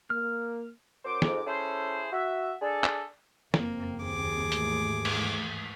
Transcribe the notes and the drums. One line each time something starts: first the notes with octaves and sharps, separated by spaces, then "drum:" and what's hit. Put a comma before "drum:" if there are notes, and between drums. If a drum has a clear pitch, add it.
A#3 F6
F#2 C5 D6
F2 G#2 D6, drum: snare
C#4 E4 G#4 A4 C5
F#4 E5
D4 G#4 A4
drum: clap
F#1 F2 A#3 C4, drum: snare
D#2 G#4 D6
G#2 E3 A3, drum: hi-hat
drum: cymbal